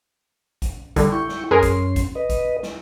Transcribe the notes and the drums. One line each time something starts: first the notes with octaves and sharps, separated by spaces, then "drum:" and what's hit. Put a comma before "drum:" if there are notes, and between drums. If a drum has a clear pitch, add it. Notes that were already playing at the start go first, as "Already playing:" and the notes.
drum: kick A#1, hi-hat
D3 G3, drum: kick A#1, hi-hat
E4 G5 C#6
drum: snare
F#2 C#4 G#4 A#4 C6
drum: kick A#1, hi-hat
drum: kick A#1, hi-hat
B4 D#5
drum: kick A#1, hi-hat
drum: snare